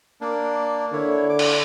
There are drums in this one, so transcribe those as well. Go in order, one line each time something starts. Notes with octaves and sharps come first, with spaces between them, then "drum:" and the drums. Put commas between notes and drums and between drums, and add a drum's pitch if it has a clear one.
A#3 D4
D3 E4 C#5
D6
drum: cymbal